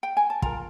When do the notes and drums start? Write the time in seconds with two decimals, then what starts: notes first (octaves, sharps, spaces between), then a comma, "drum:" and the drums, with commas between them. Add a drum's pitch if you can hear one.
0.03 G5
0.17 G#5
0.30 A5
0.42 F4 A#4 A#5, drum: kick